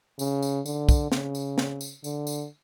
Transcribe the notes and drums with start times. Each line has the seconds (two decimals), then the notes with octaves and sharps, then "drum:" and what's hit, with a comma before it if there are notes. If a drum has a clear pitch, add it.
0.19 C#3, drum: tambourine
0.43 drum: tambourine
0.66 D3, drum: tambourine
0.89 drum: kick, tambourine
1.12 C#3, drum: snare
1.35 drum: tambourine
1.58 drum: snare
1.81 drum: tambourine
2.04 D3, drum: tambourine
2.27 drum: tambourine